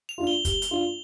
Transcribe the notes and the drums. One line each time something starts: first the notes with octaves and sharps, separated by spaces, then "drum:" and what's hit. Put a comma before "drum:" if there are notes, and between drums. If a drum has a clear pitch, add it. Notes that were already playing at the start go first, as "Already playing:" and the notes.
F7
D4 F4
G7
G3 G7, drum: kick, hi-hat
drum: hi-hat
D4 F4